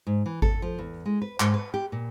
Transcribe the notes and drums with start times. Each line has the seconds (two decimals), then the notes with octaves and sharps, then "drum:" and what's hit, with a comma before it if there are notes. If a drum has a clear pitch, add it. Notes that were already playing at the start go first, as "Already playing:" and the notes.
0.07 G#2
0.26 E3
0.42 A4, drum: kick G#1
0.62 F3
0.79 E2
1.06 G#3
1.22 B4
1.40 G#2, drum: clap
1.54 B4
1.74 G4
1.92 A#2